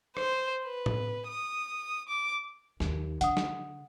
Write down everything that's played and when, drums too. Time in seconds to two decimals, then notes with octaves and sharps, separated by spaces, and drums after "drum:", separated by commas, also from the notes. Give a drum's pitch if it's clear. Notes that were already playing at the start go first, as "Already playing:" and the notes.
0.17 C5, drum: rim click
0.64 B4
0.86 drum: tom A2
1.28 D#6
2.09 D6
2.80 D#2, drum: snare
3.21 D3 F#5 D#6, drum: hi-hat
3.37 drum: snare